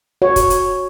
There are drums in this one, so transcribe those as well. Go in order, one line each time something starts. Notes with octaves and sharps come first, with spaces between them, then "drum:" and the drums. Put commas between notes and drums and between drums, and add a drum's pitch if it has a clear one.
F#4 C#5
drum: kick, hi-hat
drum: hi-hat